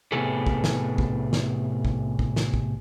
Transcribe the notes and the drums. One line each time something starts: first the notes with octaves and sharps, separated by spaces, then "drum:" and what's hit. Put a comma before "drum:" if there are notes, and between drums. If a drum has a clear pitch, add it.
A2 C3 B3 G#4 A4
drum: kick
drum: snare
drum: kick
drum: snare
drum: kick
drum: kick
drum: snare
drum: kick